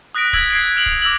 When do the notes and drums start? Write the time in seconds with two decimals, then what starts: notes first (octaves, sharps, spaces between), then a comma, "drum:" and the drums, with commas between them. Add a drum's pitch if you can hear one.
0.15 D#6 F#6 A#6 B6 D7
0.33 E6 G#6 B6 D7 F#7, drum: kick C#1
0.51 G#6 C7 D7
0.76 F6 F7 F#7
0.86 drum: kick C#1
1.02 D6 E6 A#6 F#7